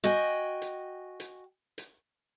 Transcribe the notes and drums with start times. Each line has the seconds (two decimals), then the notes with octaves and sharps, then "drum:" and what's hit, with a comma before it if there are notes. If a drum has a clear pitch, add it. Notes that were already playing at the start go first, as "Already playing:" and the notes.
0.04 F#4 D#5 G5 G#5, drum: hi-hat
0.62 drum: hi-hat
1.20 drum: hi-hat
1.78 drum: hi-hat